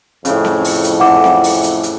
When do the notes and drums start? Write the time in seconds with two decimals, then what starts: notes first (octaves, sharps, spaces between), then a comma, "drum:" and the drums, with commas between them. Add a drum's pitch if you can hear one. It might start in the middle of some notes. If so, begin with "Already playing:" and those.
0.25 F2 A2 C#3, drum: hi-hat
0.45 drum: snare C4
0.64 drum: open hi-hat
0.84 drum: hi-hat
1.00 E3 F#5 D6
1.24 drum: snare C4
1.44 drum: open hi-hat
1.63 drum: hi-hat
1.83 drum: hi-hat